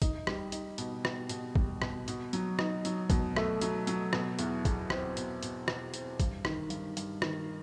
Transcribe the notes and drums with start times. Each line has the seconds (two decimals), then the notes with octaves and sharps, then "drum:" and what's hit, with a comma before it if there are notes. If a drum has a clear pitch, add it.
0.02 D#4, drum: kick, hi-hat
0.27 G3, drum: rim click
0.52 D#4, drum: hi-hat
0.78 B2, drum: hi-hat
1.05 B2, drum: rim click
1.29 B2, drum: hi-hat
1.55 G3, drum: kick
1.82 B2, drum: rim click
2.08 B2, drum: hi-hat
2.33 F#3, drum: hi-hat
2.59 D#4, drum: rim click
2.85 F#3, drum: hi-hat
3.10 B2, drum: kick, hi-hat
3.36 A3, drum: rim click
3.61 F#3, drum: hi-hat
3.87 F#3, drum: hi-hat
4.13 B2, drum: rim click
4.39 E2, drum: hi-hat
4.65 E2, drum: kick, hi-hat
4.90 C4, drum: rim click
5.17 B2, drum: hi-hat
5.43 B2, drum: hi-hat
5.68 B2, drum: rim click
5.94 C4, drum: hi-hat
6.20 G2, drum: kick, hi-hat
6.45 D#3, drum: rim click
6.70 G2, drum: hi-hat
6.97 G2, drum: hi-hat
7.22 D#3, drum: rim click